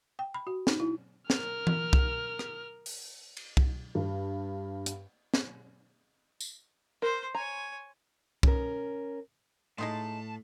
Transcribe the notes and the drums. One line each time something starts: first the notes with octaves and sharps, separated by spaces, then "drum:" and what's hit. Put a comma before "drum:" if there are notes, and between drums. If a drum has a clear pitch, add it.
G5
B5
F#4
D#4, drum: snare
E4
A#4 F6, drum: snare
drum: tom E3
drum: kick
drum: rim click
drum: open hi-hat
drum: cymbal
drum: kick
G2
drum: hi-hat
drum: snare
drum: tambourine
A#4 C5 C6
C#5 G#5 A#5
C#4 A#4, drum: kick
A2 G#3 D#4 A5 C6